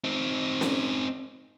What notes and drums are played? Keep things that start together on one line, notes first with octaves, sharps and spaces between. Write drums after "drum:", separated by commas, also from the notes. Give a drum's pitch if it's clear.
C4 D#4
drum: snare C#4